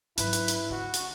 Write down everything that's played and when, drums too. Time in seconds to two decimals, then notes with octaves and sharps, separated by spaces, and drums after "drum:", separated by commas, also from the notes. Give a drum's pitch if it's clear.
0.18 G#2 F#3 E4 B4, drum: hi-hat
0.33 drum: hi-hat
0.48 drum: hi-hat
0.70 D3 C#4 F#4
0.94 drum: hi-hat